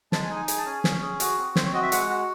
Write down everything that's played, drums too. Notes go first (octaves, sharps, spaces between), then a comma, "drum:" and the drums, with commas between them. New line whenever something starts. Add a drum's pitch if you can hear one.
G#3 A5, drum: snare
G#5
D#4
G#5
G#4 G#5, drum: hi-hat
A5
C#4 G#5
C#4, drum: snare
G#4
F#4, drum: hi-hat
C4
C4 C5, drum: snare
C#5
F#4 D#5
E5
G#3 F#5, drum: hi-hat
F#4